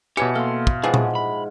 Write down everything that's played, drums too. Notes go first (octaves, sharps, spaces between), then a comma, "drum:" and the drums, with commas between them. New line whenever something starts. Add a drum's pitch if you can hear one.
B2 E3 G4 C#5 C#7
A#3 A4 F5 C6
drum: kick
G#2 E3 F3 G#4 F#5
drum: tom A#2
B5